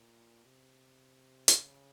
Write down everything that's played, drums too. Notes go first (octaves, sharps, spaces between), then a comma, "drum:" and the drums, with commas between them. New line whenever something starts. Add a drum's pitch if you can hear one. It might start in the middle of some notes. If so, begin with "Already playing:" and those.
Already playing: A#2
C3
C#3, drum: hi-hat